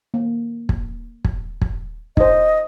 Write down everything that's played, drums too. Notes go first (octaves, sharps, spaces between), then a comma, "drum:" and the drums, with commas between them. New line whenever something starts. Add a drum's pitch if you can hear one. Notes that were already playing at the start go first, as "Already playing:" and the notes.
A#3
drum: kick
drum: kick
drum: kick
D#4 C5 D#5, drum: kick